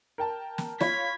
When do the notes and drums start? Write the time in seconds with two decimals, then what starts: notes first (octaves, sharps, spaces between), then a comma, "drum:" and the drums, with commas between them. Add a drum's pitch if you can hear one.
0.18 A#4 G5 A5
0.58 drum: snare
0.80 F4 C#5 B5 G#6 B6, drum: snare